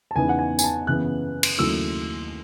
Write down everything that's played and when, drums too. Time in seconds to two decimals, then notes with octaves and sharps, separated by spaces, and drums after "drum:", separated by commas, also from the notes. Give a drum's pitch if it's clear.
0.11 A5
0.15 E2 C#3 E3 B3 D#4 G#5
0.29 F#5
0.39 G#5
0.59 G#5, drum: tambourine
0.64 A5
0.87 F#2 C#3 E3 B3 F#6
1.43 drum: cymbal
1.58 D#2 C#3 F#3 A3 E4 E6